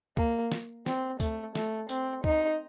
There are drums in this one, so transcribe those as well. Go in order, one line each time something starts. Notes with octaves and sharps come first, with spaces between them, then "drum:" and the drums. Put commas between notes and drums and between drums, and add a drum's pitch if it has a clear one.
A#3, drum: kick C#2
drum: snare
C4, drum: snare
A3, drum: kick C#2, tambourine
A3, drum: snare
C4, drum: tambourine
D#4, drum: kick C#2